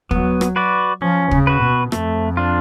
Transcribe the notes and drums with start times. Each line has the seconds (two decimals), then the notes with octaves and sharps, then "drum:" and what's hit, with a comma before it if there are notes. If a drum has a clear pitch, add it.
0.11 F#3 B3, drum: kick
0.41 drum: rim click
0.56 F#4 B4 D5
1.02 F3 C#4
1.31 C#3, drum: kick
1.47 F#4 B4
1.61 B2
1.92 F2 A3, drum: rim click
2.37 D4 F4